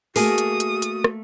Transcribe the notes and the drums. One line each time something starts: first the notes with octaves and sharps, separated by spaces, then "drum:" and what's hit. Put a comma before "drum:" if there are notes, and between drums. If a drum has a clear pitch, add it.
A3 A#3 F#4 G#4 A#4 D#6, drum: open hi-hat
drum: hi-hat
drum: hi-hat
drum: hi-hat
drum: rim click